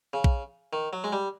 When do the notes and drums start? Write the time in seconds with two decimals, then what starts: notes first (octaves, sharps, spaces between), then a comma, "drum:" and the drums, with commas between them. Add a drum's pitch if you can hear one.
0.13 C#3
0.24 drum: kick A#1
0.73 D#3
0.93 F#3
1.04 G#3
1.12 G3